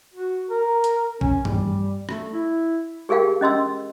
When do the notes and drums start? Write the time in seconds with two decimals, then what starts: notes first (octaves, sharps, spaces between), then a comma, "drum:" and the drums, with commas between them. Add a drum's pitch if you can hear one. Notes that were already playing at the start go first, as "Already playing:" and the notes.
0.14 F#4
0.50 A#4
0.84 drum: hi-hat
1.21 C#4, drum: kick A#1
1.45 G3, drum: tom G2
2.09 A3, drum: rim click
2.33 E4
3.09 G4 G#4 A#4 F5 G5
3.41 C#4 D#5 C6 E6